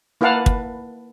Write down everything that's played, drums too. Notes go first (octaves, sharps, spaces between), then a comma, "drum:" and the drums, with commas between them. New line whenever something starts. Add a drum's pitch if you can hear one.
A#3 E4 B4 F5 F#5 A5
drum: kick